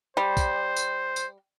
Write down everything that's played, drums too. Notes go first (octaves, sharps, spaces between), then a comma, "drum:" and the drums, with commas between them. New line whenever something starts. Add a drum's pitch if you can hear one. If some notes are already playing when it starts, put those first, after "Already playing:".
G3 C5
drum: kick, tambourine
drum: tambourine
drum: tambourine